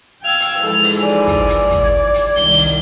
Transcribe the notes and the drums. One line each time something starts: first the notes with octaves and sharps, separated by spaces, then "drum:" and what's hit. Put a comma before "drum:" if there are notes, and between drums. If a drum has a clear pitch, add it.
F5 G5 E6 G#6 F7
drum: hi-hat
G#2 E3 F3 A4
drum: open hi-hat
D5 G#5
drum: kick, hi-hat
drum: hi-hat
drum: kick, hi-hat
G#6
drum: hi-hat
C2 D#3 G7, drum: hi-hat
drum: open hi-hat